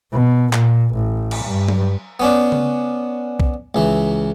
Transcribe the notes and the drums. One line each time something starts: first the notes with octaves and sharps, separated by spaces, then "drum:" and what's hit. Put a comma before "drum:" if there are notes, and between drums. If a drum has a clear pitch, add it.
B2
A#2, drum: clap
A1
drum: cymbal
G2
drum: tom F#3
B3 C#4 D4
drum: tom C#3
drum: kick B1
C#2 E3